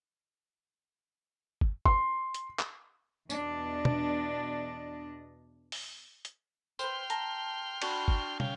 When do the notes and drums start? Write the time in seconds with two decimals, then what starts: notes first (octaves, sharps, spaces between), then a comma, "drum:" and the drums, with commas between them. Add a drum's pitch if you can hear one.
1.61 drum: kick
1.85 C6, drum: kick
2.34 drum: hi-hat
2.59 drum: clap
3.30 E2 B2 D4 D#5, drum: tambourine
3.85 drum: tom
5.72 drum: open hi-hat
6.25 drum: hi-hat
6.79 B4 C5 G5 C6 F6, drum: tambourine
7.10 A5 A#5, drum: hi-hat
7.82 D4 F#4 B5, drum: cymbal
8.08 drum: kick
8.40 C#3 F5 G5, drum: tom